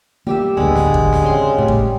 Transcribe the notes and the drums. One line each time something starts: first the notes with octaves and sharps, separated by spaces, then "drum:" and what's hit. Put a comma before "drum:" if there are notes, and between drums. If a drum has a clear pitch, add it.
G3 A#3 G4 E5
D1 E2 D3 G#3 B4
drum: snare
drum: kick
drum: snare
C#3 C4 C6
A2 G3 A3
drum: kick